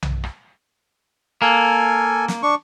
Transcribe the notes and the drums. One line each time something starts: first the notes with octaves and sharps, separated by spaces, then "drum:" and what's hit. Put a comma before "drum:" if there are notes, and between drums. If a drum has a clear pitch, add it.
drum: tom B1
drum: rim click
A#3 A4 G#5
drum: snare
D4 C#6